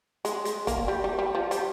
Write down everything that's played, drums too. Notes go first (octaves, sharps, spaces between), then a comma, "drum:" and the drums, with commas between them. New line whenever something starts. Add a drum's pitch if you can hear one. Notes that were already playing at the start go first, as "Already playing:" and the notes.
G#3, drum: hi-hat
G#3, drum: hi-hat
A#3, drum: kick, hi-hat
G3
G3
G3
F3
G3, drum: hi-hat